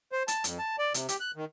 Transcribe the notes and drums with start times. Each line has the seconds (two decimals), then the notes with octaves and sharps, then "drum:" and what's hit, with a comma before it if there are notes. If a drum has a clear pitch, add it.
0.12 C5
0.28 A5, drum: hi-hat
0.44 F2, drum: hi-hat
0.59 A5
0.79 D5
0.94 C3, drum: hi-hat
1.09 G4, drum: hi-hat
1.20 F#6
1.36 D#3